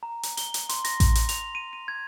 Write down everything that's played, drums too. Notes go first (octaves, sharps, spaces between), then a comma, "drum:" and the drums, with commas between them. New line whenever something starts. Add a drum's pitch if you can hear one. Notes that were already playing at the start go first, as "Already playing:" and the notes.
A#5
drum: hi-hat
G7, drum: hi-hat
drum: hi-hat
C6, drum: hi-hat
A#6, drum: hi-hat
drum: kick A1, hi-hat
drum: hi-hat
F7, drum: hi-hat
D#7
D#7
G#6